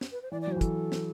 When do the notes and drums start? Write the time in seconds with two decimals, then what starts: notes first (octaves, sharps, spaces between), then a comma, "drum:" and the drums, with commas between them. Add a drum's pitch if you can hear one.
0.01 drum: snare
0.12 B4
0.22 C5
0.31 E3 D5
0.41 D5
0.47 F#3
0.52 C5
0.56 E3
0.61 A4, drum: kick, hi-hat
0.92 drum: snare